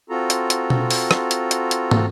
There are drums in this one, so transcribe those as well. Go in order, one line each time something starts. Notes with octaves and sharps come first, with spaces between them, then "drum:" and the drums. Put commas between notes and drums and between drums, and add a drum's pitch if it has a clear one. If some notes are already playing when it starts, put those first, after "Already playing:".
C4 F4 F#4 A4 A#5
drum: hi-hat
drum: hi-hat
drum: tom B2
drum: open hi-hat
drum: rim click
drum: hi-hat
drum: hi-hat
drum: hi-hat
drum: tom